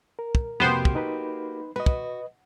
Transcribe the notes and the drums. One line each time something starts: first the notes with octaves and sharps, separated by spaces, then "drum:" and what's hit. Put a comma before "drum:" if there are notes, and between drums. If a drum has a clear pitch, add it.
A#4
drum: kick
F2 C3 A#3 B3 F#4 G4 C5
drum: kick
D#4 B4 B5
F#4 B4 D#5
drum: kick